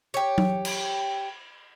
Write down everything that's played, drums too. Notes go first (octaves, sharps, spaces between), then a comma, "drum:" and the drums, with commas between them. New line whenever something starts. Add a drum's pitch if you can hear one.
G4 C#5
drum: tom F#3
drum: cymbal